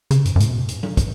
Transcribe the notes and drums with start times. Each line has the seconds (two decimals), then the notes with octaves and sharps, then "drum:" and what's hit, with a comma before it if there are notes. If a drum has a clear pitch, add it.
0.11 C#3, drum: hi-hat
0.25 F#2, drum: hi-hat
0.36 F#2
0.40 A2, drum: hi-hat
0.49 B2
0.68 drum: hi-hat
0.83 drum: tom F#3
0.97 drum: kick, hi-hat